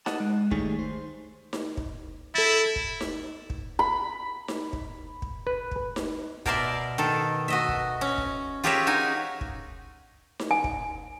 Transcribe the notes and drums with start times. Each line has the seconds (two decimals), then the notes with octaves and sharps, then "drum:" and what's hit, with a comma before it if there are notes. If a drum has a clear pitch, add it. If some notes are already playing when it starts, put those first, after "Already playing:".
0.06 D#5 F#5 A5, drum: snare D#4
0.20 G#3
0.51 D#3 G3 A3 D#4 G#4 C#5, drum: kick
0.79 C5
1.53 drum: snare D#4
1.77 drum: kick
2.35 E4 A4 A6
2.76 drum: kick
3.01 drum: snare D#4
3.50 drum: kick
3.79 B5
4.48 drum: snare D#4
4.73 drum: kick
5.22 drum: kick
5.47 B4
5.71 drum: kick
5.96 drum: snare D#4
6.46 B2 A#4 D5 E5 C6, drum: kick
6.98 D#3 A4
7.48 F#4 D#5 E5
7.69 drum: kick
8.01 C#4
8.18 drum: kick
8.64 F4 G4 G#4 A#4 C#5 E5
8.87 D#4 F#4 G#5
9.41 drum: kick
10.39 drum: snare D#4
10.51 G#5
10.64 drum: kick